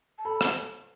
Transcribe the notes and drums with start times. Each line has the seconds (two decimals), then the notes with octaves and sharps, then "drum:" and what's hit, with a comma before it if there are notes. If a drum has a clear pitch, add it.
0.18 A5
0.25 A4 B5
0.41 drum: rim click